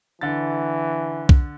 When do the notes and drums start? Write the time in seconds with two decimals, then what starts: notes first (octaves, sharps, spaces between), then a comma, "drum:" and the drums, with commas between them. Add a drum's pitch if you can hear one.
0.21 D3 E3 A6
1.29 drum: kick B1